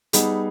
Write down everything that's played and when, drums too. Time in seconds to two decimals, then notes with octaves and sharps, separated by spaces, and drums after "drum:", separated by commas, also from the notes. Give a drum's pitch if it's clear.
0.13 G3 B3 D#4 G#4, drum: hi-hat